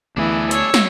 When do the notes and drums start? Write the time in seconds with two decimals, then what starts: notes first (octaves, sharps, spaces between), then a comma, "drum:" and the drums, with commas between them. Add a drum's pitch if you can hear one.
0.17 D2 E3 A3 B3 D4 G#4
0.51 C#5 E6, drum: hi-hat
0.74 drum: snare